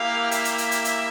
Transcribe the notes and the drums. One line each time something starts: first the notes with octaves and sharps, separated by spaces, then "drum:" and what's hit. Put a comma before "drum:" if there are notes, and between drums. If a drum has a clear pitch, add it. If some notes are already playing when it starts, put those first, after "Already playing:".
Already playing: A#3 E4 G4 F5
E5, drum: hi-hat
drum: hi-hat
drum: hi-hat
drum: hi-hat
drum: hi-hat